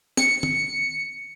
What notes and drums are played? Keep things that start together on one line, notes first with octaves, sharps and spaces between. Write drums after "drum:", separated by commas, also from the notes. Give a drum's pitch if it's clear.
C#7, drum: snare
drum: tom